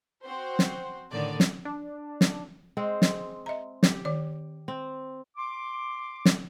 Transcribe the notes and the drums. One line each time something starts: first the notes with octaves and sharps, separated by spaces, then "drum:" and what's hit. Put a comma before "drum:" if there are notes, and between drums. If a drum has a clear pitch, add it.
C4 F#4 C5
drum: snare
A2 D3 D#3 D5
drum: snare
D4
drum: snare
G#3 C4 C5
drum: snare
D#5 E5 A#5
G4, drum: snare
D#3 D5
C4
C6 D6
drum: snare